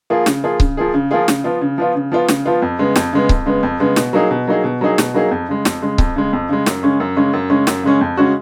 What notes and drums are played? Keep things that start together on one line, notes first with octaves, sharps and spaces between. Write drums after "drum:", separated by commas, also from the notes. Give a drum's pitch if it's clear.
F3 A#3 F4 G#4
C#3, drum: snare
F3 A#3 F4 G#4
C#3, drum: kick C#1
F3 A#3 F4 G#4
C#3
F3 A#3 F4 G#4
C#3, drum: snare
F3 B3 F4
C#3
F3 B3 F4
C#3
F3 B3 F4
C#3, drum: snare
F3 B3 F4
F2
C#3 G#3 B3
F2, drum: snare
C#3 G#3 B3
F2, drum: kick C#1
C#3 G#3 B3
F2
C#3 G#3 B3
B2, drum: snare
F#3 A#3 D#4 G#4
B2
F#3 A#3 D#4 G#4
B2
F#3 A#3 D#4 G#4
B2, drum: snare
F#3 A#3 D#4 G#4
F2
C#3 G#3
F2, drum: snare
C#3 G#3
F2, drum: kick C#1
C#3 G#3
F2
C#3 G#3
F#2, drum: snare
C#3 G#3 C#4
F#2
C#3 G#3 C#4
F#2
C#3 G#3 C#4
F#2, drum: snare
C#3 G#3 C#4
F2
C#3 G#3 C#4 F#4